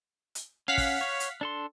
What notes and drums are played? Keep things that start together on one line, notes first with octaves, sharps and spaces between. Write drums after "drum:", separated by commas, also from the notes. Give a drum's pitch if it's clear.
drum: hi-hat
C#4 F5 F#5 B6
drum: kick, open hi-hat
C#5
drum: hi-hat
D4 A4 C6